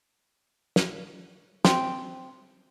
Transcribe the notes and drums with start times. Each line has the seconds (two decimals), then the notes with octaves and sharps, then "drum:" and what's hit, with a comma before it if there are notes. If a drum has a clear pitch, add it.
0.76 drum: snare
1.65 C4, drum: snare